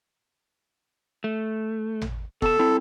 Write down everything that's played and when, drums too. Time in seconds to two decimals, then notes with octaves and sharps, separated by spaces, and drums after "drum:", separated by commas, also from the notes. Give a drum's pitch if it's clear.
1.24 A3
2.02 drum: tom
2.42 B2 A4 A5, drum: kick
2.59 C4 E4